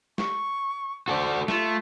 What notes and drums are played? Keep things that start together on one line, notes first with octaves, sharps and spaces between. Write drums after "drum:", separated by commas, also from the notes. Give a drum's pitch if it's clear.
C#6, drum: snare
F#4 A4 C5 D5
A3 F4, drum: snare